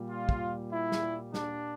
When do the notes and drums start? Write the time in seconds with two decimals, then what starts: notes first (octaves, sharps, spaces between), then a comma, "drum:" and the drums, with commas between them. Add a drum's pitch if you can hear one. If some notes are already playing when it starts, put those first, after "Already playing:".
Already playing: A#2 G3
0.08 F4
0.29 drum: kick
0.71 E4
0.92 drum: snare
1.34 D4, drum: snare